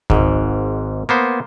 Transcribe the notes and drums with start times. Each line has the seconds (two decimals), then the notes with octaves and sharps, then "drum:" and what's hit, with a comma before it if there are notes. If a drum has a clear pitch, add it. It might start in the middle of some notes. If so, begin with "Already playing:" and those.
0.10 G#1 G#2, drum: kick C#2
1.09 A#3 B3 C5